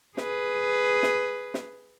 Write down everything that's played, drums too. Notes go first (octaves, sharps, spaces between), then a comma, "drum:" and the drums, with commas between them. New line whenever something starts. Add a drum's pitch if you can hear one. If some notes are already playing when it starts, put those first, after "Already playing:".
G#4 B4, drum: snare
drum: snare
drum: snare